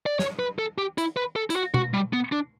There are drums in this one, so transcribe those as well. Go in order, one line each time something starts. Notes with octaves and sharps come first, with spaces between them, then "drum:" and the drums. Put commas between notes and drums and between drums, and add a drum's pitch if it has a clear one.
D5
C#5, drum: snare
B4
A4
G4
E4, drum: hi-hat
B4
A4
E4, drum: hi-hat
F#4
F#4, drum: tom B2
G3
B3
D4